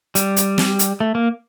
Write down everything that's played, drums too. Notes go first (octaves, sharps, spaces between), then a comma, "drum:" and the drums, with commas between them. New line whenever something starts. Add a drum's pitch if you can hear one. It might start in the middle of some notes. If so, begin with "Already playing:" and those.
G3, drum: hi-hat
drum: hi-hat
drum: snare
drum: hi-hat
A3
A#3